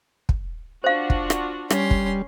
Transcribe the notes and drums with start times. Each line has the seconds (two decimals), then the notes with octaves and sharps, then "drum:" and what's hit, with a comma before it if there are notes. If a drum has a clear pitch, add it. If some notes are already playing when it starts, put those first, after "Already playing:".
0.29 drum: kick
0.84 D4 F4 F#4 C5 F5
1.10 drum: kick
1.30 drum: rim click
1.70 G3 C#4 C6, drum: rim click
1.91 drum: kick